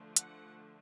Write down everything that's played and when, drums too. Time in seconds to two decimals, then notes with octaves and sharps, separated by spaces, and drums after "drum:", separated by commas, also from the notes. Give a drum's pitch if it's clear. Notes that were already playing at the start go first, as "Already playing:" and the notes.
Already playing: D3 F3 A3 D4
0.16 F#5, drum: hi-hat